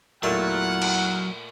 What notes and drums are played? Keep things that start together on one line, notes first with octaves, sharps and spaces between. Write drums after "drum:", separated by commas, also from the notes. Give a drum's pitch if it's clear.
E2 A#2 F#3 A3 E4 F#5 F6
drum: cymbal